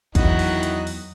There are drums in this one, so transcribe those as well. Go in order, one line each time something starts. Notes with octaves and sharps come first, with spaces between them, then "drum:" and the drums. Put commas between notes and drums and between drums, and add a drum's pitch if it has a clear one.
E2 D#3 F#3 E4 F#4 D#5 F#6, drum: kick, hi-hat
drum: open hi-hat
drum: hi-hat
drum: open hi-hat